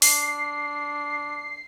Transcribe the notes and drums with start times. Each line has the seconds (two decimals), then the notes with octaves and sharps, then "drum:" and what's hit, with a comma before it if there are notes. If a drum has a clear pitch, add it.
0.02 D4 C7, drum: open hi-hat